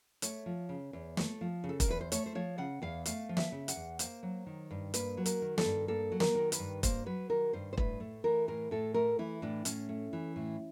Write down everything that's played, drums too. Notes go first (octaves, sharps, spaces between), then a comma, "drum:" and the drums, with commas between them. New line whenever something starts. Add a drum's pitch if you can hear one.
A3 C#5, drum: hi-hat
F3
C#3
E2
A3, drum: snare
F3
C#3
A4
A#4, drum: kick E1, hi-hat
E2 B4
C5
A3 C#5, drum: hi-hat
C5
F3 C#5
C#3 F#5
E2 F5
A3 F5, drum: hi-hat
F3
E5, drum: snare
C#3
F#5, drum: hi-hat
E2
A#3 C5, drum: hi-hat
F#3
D#3
G2
A#3 B4, drum: hi-hat
F#3
A#4, drum: hi-hat
D#3
A4, drum: snare
G2
A#3 A4
F#3
A#4, drum: snare
D#3
B4, drum: hi-hat
G2
A#3 C5, drum: kick E1, hi-hat
F#3 B4
D#3 A#4
G2 C5
C5
A2 B4, drum: kick E1
A3
E3 A#4
A2 A#4
A2 A4
A3 A#4
E3 E4
A2 D4
A2 C#4, drum: hi-hat
A3
E3
A2